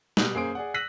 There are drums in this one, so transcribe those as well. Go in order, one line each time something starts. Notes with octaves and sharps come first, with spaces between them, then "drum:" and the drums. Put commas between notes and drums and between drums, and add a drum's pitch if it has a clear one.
B2 G3 D#6 F#6 G6 F#7, drum: snare
F#2 A#3 G#4 C5 D#6 D7
G#4 D5 F#5
E6 F#6 A#6 B6 D#7 F#7